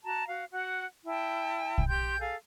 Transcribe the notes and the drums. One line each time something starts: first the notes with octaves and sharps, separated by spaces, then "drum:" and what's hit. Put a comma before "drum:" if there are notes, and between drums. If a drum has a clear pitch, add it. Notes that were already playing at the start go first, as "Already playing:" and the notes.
F#4 A5 A#5
F#4 F5
F#4 F#5
E4 G5 A5
drum: kick
G4 G5 C6 G6
G#4 A4 F5